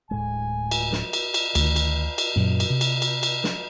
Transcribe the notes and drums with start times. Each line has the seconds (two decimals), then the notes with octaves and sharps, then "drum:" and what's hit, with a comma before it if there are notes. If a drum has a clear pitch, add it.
0.11 D1 A2 G#3 G#5
0.71 drum: cymbal
0.92 drum: snare
1.13 drum: cymbal
1.34 drum: cymbal
1.55 D2 D#3, drum: cymbal
1.76 drum: cymbal
2.18 drum: cymbal
2.36 F#2 A#2 F#3
2.60 drum: cymbal
2.70 C3
2.81 drum: cymbal
3.02 drum: cymbal
3.23 drum: cymbal
3.44 drum: snare